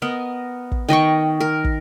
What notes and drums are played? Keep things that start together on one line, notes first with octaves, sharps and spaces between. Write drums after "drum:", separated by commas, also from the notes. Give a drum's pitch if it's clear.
B3 A#4 D#5
drum: kick
D#3 D#5 G5 C#6
A#4
drum: kick